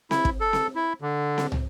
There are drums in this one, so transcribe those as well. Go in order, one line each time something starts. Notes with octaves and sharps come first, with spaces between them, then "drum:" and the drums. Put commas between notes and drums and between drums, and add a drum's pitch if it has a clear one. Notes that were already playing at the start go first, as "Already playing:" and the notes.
E4, drum: snare C4
drum: kick
A4
drum: snare C4
E4
D3
drum: snare C4
drum: tom